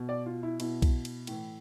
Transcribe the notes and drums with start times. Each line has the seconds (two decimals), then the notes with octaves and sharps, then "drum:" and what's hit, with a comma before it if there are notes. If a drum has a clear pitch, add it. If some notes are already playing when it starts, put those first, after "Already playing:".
Already playing: B2
0.09 D5
0.26 F4
0.43 E4
0.60 B2 E4, drum: cymbal
0.82 drum: kick B1, cymbal
1.05 drum: cymbal
1.27 A2 E3, drum: cymbal